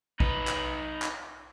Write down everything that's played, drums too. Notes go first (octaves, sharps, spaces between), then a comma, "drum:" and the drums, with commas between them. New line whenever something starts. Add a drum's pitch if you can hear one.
D#4 B4, drum: kick
drum: clap
drum: clap